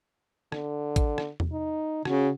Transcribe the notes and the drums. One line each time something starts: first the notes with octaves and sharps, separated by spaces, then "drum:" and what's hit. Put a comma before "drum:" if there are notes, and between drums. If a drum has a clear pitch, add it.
D3, drum: rim click
drum: kick, hi-hat
drum: rim click
drum: tom E2
D#4
C#3 F#4, drum: rim click